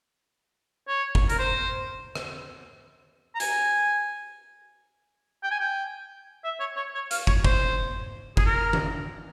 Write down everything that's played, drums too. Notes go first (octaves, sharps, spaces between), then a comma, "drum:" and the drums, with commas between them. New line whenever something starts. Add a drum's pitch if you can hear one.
C#5
drum: kick
A#4, drum: hi-hat
C5
drum: rim click
A#5
G#5, drum: hi-hat
G5
G#5
G5
E5
C#5
C#5
C#5
F5, drum: hi-hat
C#5, drum: kick
C5, drum: kick
G#4, drum: kick
A#4
drum: tom D#3